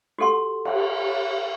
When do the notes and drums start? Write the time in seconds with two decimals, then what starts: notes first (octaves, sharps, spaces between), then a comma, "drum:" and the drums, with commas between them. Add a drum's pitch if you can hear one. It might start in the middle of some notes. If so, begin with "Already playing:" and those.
0.18 F#4 G4 A4 F#5 C6
0.65 drum: cymbal